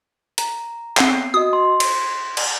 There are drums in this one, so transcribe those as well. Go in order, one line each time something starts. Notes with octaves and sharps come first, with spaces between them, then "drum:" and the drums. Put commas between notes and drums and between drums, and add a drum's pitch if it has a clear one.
A#5, drum: hi-hat
B3 C4 C7, drum: clap
F#4 D#5 D#6
C6
drum: cymbal
drum: cymbal